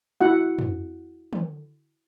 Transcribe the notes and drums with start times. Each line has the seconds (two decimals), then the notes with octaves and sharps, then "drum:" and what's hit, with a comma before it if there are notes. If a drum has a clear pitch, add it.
0.21 E4 F#4 F#5
0.59 drum: tom
1.33 drum: tom